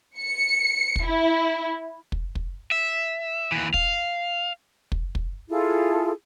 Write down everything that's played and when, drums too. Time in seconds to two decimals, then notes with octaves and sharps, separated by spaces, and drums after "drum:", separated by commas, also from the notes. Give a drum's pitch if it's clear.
0.17 C#7
0.96 drum: kick
1.05 E4
2.12 drum: kick
2.35 drum: kick
2.71 E5
3.52 D#2 E3
3.74 F5, drum: kick
4.92 drum: kick
5.15 drum: kick
5.49 E4 F4 G#4 A4